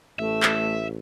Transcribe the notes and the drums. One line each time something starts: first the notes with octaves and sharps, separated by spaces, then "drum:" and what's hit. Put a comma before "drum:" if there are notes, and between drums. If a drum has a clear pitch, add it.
A1 A3 E5
drum: clap